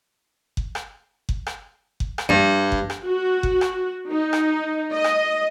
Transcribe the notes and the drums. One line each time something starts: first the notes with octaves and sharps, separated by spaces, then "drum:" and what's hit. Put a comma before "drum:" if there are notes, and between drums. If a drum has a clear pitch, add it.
drum: kick F#1
drum: rim click
drum: kick F#1
drum: rim click
drum: kick F#1
drum: rim click
G2
drum: kick F#1
drum: rim click
F#4
drum: kick F#1
drum: rim click
D#4
drum: rim click
D#5
drum: rim click